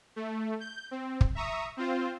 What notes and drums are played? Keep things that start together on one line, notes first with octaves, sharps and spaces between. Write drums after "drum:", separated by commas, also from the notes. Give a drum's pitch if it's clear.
A3
G6
C4
drum: kick
E5 A#5 C#6 D#6
C4 F4 C5